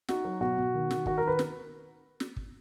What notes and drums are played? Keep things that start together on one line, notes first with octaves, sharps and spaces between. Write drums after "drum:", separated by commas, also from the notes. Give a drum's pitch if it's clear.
D#4 F#4, drum: snare
F#3
B2 F#4
B2
D#3
D#3, drum: snare
D#3 F#4, drum: kick
D#3 A#4
B4
drum: snare
drum: snare
drum: kick